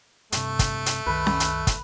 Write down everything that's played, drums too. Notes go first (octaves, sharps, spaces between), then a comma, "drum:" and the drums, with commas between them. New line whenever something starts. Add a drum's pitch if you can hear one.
G2 C3 A3, drum: hi-hat
drum: kick, hi-hat
drum: hi-hat
C2 F#2 D#3 B4
drum: snare C#4
drum: hi-hat
drum: kick, hi-hat